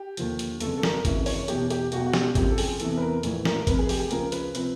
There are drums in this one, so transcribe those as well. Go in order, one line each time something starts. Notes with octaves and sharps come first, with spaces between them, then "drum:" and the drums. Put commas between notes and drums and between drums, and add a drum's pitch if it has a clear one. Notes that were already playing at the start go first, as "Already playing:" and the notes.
Already playing: G4
D#2 D3 F3, drum: hi-hat
drum: hi-hat
G1 F2 C#3 A4, drum: hi-hat
A4
A#4, drum: snare
G#1 F#2 C#3 E3, drum: kick G#1, hi-hat
C#5, drum: open hi-hat
E2 B2 G4, drum: hi-hat
G4, drum: hi-hat
B1 B2 F#4, drum: hi-hat
F#4
G4, drum: snare
F#1 F2 C#3 F3 G4, drum: kick G#1, hi-hat
A4
G#4, drum: open hi-hat
E2 C3 E3 A4, drum: hi-hat
B4
A#4
A#1 A2 E3, drum: hi-hat
A#4, drum: snare
A#4
F1 F2 C3 B4, drum: kick G#1, hi-hat
G#4
G4, drum: open hi-hat
G#4
C#2 C#3 F3 A#4, drum: hi-hat
B4, drum: hi-hat
C3 F3 B4, drum: hi-hat